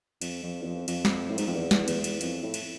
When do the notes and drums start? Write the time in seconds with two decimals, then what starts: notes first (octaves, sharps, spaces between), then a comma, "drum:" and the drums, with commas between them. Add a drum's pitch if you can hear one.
0.22 F2, drum: cymbal
0.44 F2
0.62 E2
0.66 F2
0.88 F2, drum: cymbal
1.05 drum: snare
1.30 A2
1.38 G#2, drum: cymbal
1.47 F2
1.54 E2
1.71 drum: snare
1.88 E2, drum: cymbal
2.04 drum: cymbal
2.21 F2, drum: cymbal
2.43 A2
2.54 drum: cymbal